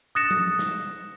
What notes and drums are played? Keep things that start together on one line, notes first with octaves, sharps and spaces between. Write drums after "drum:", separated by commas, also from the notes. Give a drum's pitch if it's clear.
D#6 F#6 A6 A#6 C#7 E7
drum: tom F3
drum: snare